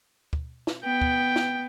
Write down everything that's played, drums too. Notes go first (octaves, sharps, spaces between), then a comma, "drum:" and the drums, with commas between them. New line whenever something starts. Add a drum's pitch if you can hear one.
drum: kick
drum: snare
B3 G5
drum: kick
drum: snare